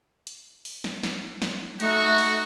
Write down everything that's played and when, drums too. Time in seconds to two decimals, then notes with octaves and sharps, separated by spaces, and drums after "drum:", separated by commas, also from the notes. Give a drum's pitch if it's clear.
0.27 drum: hi-hat
0.65 drum: open hi-hat
0.84 drum: snare
1.03 drum: snare
1.42 drum: snare
1.80 A3 D#4 F#4 C#6, drum: hi-hat
2.18 drum: open hi-hat